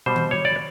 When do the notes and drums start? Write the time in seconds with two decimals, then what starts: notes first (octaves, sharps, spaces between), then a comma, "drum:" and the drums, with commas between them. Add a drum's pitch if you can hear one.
0.06 B2 G3 C5
0.16 drum: tom D#3
0.31 C#5
0.45 D5